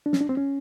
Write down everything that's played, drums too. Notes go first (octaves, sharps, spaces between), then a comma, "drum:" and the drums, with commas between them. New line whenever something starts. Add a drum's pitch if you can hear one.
D4
C#4, drum: snare
D4
C4
C#4